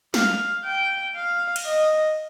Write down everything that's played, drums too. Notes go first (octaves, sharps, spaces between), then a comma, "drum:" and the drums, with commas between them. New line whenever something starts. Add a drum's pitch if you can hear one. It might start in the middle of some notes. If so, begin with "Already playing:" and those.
F5, drum: snare
G5
F5
drum: cymbal
D#5